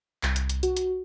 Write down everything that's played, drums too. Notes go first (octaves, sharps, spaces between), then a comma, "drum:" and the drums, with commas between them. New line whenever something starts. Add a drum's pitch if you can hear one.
C2, drum: clap
drum: hi-hat
drum: hi-hat
F#4, drum: hi-hat
drum: hi-hat